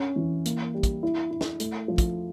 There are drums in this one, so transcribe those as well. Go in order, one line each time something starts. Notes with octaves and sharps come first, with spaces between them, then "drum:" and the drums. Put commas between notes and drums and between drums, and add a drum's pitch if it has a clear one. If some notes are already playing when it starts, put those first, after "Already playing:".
Already playing: C#4
E3
A#3, drum: hi-hat
G3
drum: kick, hi-hat
E4
E4
drum: snare
A3, drum: hi-hat
F3
drum: kick, hi-hat